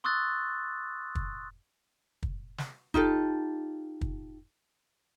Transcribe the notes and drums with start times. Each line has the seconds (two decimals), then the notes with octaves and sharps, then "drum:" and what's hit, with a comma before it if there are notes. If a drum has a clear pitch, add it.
0.04 C6 C#6 D#6 E6 F#6 A6
1.15 drum: kick
2.23 drum: kick
2.58 drum: snare
2.94 D#4 F4 G4 A4, drum: kick
4.01 drum: kick